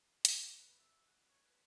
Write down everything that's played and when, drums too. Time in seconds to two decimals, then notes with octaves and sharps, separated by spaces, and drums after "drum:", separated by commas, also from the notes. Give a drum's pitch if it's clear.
0.25 C#5, drum: hi-hat
0.41 D5
0.59 B4
0.79 E5
1.07 F#5
1.30 C#5
1.45 B4